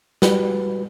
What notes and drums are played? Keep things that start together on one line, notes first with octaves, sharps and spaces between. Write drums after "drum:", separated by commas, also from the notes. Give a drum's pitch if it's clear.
G3 F#4 B4, drum: snare